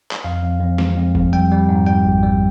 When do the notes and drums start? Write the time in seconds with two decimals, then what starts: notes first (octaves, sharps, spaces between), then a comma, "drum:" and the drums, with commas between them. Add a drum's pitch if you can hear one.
0.11 drum: clap
0.24 F2 F5
0.42 F2
0.60 F2
0.78 G#3, drum: snare
0.96 F2
1.15 F2, drum: kick
1.33 G3 G5
1.51 G3
1.69 G#2
1.87 G3 G5
2.05 G#1
2.23 G3